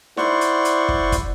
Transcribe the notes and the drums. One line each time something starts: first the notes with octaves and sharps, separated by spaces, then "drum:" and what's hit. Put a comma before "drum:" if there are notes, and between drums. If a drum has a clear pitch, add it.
E4 C5 D5 F#5 C6 C#6, drum: snare D#4
drum: hi-hat
drum: hi-hat
drum: kick
drum: kick, hi-hat